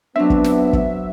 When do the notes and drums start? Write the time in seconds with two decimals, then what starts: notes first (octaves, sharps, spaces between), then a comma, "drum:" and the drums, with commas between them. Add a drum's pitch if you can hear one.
0.16 F#3 B3 C4 D4 E5
0.30 drum: kick
0.44 drum: snare
0.73 drum: kick